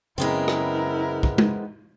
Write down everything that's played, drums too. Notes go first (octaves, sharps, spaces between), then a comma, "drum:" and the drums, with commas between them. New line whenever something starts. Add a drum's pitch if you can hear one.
F#2 C#3 G#3 B3 C4 E4 A#4
drum: rim click
drum: kick
drum: tom